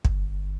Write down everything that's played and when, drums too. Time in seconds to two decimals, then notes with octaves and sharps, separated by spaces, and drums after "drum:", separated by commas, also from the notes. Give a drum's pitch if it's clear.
0.05 G1, drum: kick